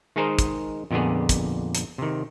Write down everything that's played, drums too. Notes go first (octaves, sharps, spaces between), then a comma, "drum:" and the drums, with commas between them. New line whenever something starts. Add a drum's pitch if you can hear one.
D#3 G#3 D#4 G#4 A#4 C5
drum: kick, hi-hat
F2 A#2 D3 B3 G#4
drum: kick, hi-hat
drum: hi-hat
C3 D#3